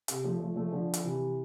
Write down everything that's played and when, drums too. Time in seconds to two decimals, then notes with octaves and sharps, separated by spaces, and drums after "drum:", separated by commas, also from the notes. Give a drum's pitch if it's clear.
0.08 C3, drum: hi-hat
0.24 F3 A3
0.40 F3 A3
0.56 F3 A3
0.72 D3 F3
0.94 drum: hi-hat
1.04 C3 E3